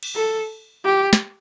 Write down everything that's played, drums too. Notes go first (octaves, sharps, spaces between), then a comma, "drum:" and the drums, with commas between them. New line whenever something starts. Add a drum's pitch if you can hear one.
drum: cymbal
A4
G4
drum: snare